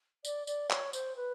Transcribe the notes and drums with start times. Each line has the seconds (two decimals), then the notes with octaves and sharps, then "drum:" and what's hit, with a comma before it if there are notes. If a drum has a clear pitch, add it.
0.25 D5, drum: tambourine
0.47 D5, drum: tambourine
0.70 C#5, drum: clap
0.93 C5, drum: tambourine
1.16 B4